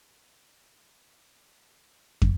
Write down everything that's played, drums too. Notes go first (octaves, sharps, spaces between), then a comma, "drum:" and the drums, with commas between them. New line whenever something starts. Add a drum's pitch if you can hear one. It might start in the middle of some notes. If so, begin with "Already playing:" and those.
Already playing: B3
C#3
A2
G#2 G#3 D#4 G#4
A2
drum: kick